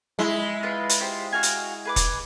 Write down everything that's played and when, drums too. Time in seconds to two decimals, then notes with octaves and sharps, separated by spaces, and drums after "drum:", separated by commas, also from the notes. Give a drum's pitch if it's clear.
0.19 G#3 E4
0.63 F4 B4
0.89 drum: hi-hat
1.00 F4 G4 C5
1.32 F#4 F5 G#5
1.43 drum: hi-hat
1.85 G#4 B4 D6
1.96 drum: kick E1, hi-hat